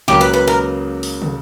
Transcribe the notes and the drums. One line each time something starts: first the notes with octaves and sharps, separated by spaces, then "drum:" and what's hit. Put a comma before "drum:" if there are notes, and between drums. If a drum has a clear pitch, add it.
C#2 C#3 F#3 A#3 G4, drum: snare
B4
B4
A#4
drum: open hi-hat
drum: tom